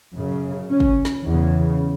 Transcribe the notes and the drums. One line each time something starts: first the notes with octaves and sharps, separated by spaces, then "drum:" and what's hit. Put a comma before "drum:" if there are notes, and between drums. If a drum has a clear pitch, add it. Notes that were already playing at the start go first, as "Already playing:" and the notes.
F#2 C#3
C#4
drum: kick
drum: snare
E2 C#3